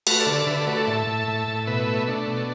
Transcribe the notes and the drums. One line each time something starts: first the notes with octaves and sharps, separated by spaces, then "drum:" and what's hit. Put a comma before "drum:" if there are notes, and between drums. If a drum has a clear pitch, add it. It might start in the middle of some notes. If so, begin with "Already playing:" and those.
A3 F#4 B4, drum: cymbal
A4 D5
D3
A4 D5
D3 B4 E5
A4 D5
A3 F#4 B4
A4 D5
A2 E5 A5
A2
A2
A2
B2 B4 E5
A3
A3 D4
B2